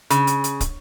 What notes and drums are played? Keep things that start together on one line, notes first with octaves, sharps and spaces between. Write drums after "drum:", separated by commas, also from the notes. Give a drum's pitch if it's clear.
C#3, drum: hi-hat
drum: hi-hat
drum: hi-hat
drum: kick, hi-hat